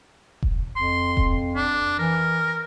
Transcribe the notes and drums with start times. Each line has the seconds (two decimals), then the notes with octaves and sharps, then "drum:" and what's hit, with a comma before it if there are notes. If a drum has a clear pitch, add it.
0.43 drum: kick E1
0.76 F2 C6
1.17 drum: kick E1
1.56 D4
1.99 E3 A#4